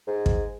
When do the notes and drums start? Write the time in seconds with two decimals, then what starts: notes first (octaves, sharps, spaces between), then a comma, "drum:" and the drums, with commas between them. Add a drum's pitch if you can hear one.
0.07 G#2
0.26 drum: kick